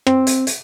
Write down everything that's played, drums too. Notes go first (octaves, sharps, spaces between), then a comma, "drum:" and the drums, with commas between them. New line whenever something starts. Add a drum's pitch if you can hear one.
C4, drum: rim click
drum: hi-hat
drum: hi-hat